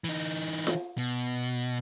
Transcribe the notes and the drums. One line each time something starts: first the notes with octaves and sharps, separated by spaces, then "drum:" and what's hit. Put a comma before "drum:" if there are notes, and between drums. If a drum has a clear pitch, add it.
E3 D#4
drum: snare F4
B2